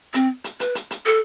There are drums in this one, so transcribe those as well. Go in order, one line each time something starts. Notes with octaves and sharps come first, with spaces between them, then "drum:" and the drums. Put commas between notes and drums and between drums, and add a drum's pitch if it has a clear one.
C4, drum: hi-hat
drum: hi-hat
B4, drum: hi-hat
drum: hi-hat
drum: hi-hat
A4